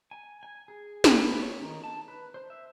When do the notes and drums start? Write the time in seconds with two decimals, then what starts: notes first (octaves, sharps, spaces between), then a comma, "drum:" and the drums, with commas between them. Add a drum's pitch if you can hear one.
0.11 G#5
0.43 G#5
0.68 G#4
1.04 drum: snare
1.18 B4
1.42 C#5
1.61 D#3
1.84 A5
2.08 B4
2.34 C5
2.50 E5